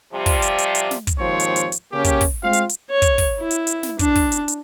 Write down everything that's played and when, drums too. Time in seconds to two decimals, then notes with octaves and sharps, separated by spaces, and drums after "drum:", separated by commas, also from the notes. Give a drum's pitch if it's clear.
0.13 C3 F3 G3
0.26 drum: kick, open hi-hat
0.42 drum: hi-hat
0.58 drum: hi-hat
0.75 drum: hi-hat
0.91 drum: snare
1.07 drum: kick, hi-hat
1.18 G#1 D#2 F3 C4 C#5
1.40 drum: hi-hat
1.56 drum: hi-hat
1.72 drum: hi-hat
1.92 C#3 A#3 C#4 G4
2.04 drum: kick, hi-hat
2.21 drum: kick, open hi-hat
2.43 G#3 C4 F4 F5
2.53 drum: hi-hat
2.69 drum: hi-hat
2.90 C#5
3.02 drum: kick, hi-hat
3.18 drum: kick, open hi-hat
3.40 E4
3.51 drum: hi-hat
3.67 drum: hi-hat
3.83 drum: snare
3.99 D4, drum: kick, hi-hat
4.15 drum: kick, open hi-hat
4.32 drum: hi-hat
4.48 drum: hi-hat